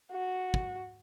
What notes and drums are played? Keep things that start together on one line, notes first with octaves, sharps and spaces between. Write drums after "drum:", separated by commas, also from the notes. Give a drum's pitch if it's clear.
F#4
drum: kick